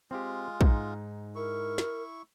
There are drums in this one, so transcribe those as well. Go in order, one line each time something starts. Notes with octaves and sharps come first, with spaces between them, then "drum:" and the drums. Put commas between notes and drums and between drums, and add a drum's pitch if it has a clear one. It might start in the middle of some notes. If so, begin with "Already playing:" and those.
G#3 C4 F4 G4
G#2 D#4, drum: kick A#1
E4 A#4 C#6
drum: snare